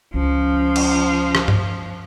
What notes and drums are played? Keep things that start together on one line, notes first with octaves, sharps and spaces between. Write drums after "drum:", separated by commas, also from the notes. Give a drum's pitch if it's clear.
C#2 F3 C#4 D4
drum: cymbal
drum: rim click
drum: tom G2